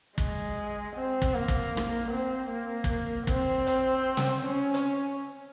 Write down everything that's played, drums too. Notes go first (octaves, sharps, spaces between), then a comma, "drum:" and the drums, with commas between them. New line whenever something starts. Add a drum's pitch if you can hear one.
G#3, drum: kick
C4
drum: kick
A#3
drum: kick
drum: rim click
C4
A#3
drum: kick
C4, drum: kick
drum: hi-hat
drum: snare
C#4
drum: hi-hat